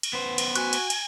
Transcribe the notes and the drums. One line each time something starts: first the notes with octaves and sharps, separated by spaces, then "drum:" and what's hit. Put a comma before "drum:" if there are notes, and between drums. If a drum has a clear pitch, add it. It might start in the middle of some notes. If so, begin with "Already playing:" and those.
drum: cymbal
B3 B4 C5
drum: cymbal
F#4 G#5 C#6 F#6, drum: cymbal
drum: cymbal
drum: cymbal